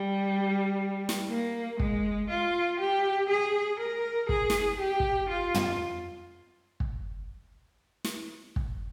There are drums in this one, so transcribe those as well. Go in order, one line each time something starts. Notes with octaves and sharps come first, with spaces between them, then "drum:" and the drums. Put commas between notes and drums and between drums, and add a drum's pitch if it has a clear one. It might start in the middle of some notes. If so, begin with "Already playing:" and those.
Already playing: G3
drum: snare
A#3
G#3, drum: kick
F4
G4
G#4
A#4
G#4, drum: kick
drum: snare
G4
drum: kick
F4
drum: tom
drum: kick
drum: snare
drum: kick